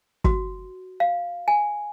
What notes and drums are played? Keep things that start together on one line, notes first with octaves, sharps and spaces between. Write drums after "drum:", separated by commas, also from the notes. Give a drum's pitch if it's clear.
F#4, drum: kick
F5
G#5